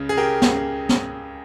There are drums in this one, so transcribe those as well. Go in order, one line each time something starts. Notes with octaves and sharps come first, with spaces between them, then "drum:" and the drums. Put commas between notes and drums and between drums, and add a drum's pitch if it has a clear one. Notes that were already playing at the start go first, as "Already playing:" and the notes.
Already playing: C#2 C#3
G#4
C#3 G4 A#4
C#2, drum: snare
drum: snare